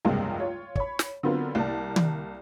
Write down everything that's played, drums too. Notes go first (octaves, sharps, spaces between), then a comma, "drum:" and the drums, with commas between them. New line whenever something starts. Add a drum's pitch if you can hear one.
F1 C#2 G2 C3 G#3 A#3
F4 C#5
C#5 B5, drum: kick
drum: snare
D3 F#3 B3 C4 F4 A#4
C2 A#3 D5 A5
drum: tom